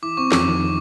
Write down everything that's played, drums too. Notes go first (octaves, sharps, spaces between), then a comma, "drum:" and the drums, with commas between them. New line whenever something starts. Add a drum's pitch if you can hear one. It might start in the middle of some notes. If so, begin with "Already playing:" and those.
E3 D6
C4 C#6
F2 D6, drum: snare
D#3